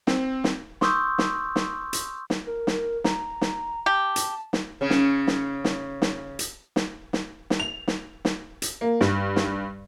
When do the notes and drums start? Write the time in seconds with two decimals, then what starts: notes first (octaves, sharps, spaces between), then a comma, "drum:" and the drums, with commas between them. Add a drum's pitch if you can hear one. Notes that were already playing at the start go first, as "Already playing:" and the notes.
0.07 C4, drum: snare
0.44 drum: snare
0.81 C6 C#6 D#6 E6 G6, drum: snare
1.18 drum: snare
1.56 drum: snare
1.93 drum: hi-hat
2.30 drum: snare
2.47 A#4
2.67 drum: snare
3.04 A#5, drum: snare
3.41 drum: snare
3.86 G4 A5
4.16 drum: hi-hat
4.53 drum: snare
4.81 C#3 C#4
4.90 drum: snare
5.27 drum: snare
5.64 drum: snare
6.02 drum: snare
6.39 drum: hi-hat
6.76 drum: snare
7.13 drum: snare
7.50 drum: snare
7.60 F7
7.88 drum: snare
8.25 drum: snare
8.62 drum: hi-hat
8.81 A#3
9.01 G2, drum: snare
9.36 drum: snare